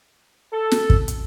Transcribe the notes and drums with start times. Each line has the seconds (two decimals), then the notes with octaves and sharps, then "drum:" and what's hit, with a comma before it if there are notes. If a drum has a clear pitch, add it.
0.53 A4
0.71 drum: snare
0.90 drum: kick
1.08 drum: hi-hat